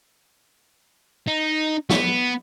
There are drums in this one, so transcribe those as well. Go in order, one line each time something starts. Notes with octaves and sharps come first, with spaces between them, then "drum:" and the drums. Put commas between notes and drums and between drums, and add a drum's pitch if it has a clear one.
D#4
B3, drum: snare